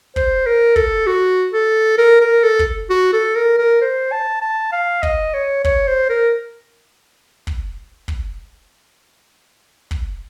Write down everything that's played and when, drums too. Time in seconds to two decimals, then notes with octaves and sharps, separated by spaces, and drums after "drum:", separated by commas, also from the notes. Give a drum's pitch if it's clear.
0.16 C5, drum: kick
0.47 A#4
0.76 A4, drum: kick
1.06 F#4
1.53 A4
1.98 A#4
2.21 A#4
2.43 A4
2.59 drum: kick
2.90 F#4
3.13 A4
3.36 A#4
3.58 A#4
3.81 C5
4.12 A5
4.42 A5
4.72 F5
5.03 D#5, drum: kick
5.34 C#5
5.64 C#5, drum: kick
5.88 C5
6.10 A#4
7.47 drum: kick
8.08 drum: kick
9.91 drum: kick